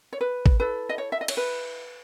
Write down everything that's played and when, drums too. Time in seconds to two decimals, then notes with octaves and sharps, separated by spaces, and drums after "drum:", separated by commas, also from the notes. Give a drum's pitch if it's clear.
0.13 C#5
0.21 B4
0.46 drum: kick G#1
0.60 E4 A4 B4
0.89 D#5
0.98 C#5
1.12 E5
1.21 D#5
1.28 C#5, drum: cymbal
1.37 B4